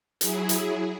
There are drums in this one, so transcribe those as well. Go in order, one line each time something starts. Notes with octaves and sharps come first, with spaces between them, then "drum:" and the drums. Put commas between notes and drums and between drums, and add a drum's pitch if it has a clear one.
F#3 E4 G#4, drum: hi-hat
drum: hi-hat